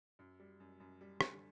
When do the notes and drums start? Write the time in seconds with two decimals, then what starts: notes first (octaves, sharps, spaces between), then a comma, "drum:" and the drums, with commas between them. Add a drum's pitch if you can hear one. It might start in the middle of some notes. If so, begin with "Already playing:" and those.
0.19 F#2
0.40 G3
0.60 F#2
0.80 F#2
1.01 G3
1.21 D3, drum: rim click